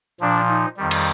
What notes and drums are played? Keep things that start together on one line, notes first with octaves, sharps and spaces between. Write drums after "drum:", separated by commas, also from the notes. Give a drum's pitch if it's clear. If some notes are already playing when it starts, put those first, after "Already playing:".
A#2 F3 D4
D#4
F2 D#3 G3
drum: cymbal